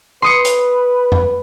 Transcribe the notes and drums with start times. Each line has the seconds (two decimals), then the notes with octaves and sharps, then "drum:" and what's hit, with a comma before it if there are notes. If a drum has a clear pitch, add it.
0.22 B4 C6 D#6 C#7
0.45 drum: hi-hat
1.12 drum: tom F2